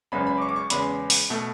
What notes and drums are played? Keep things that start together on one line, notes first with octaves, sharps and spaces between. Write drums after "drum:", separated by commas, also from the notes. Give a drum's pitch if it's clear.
G#1 F#2 C#3 G#3 B3 B5
B5
D6
C#6
D6
C#6
E2 C#3 G#3 B3 B5, drum: hi-hat
drum: open hi-hat
B2 A3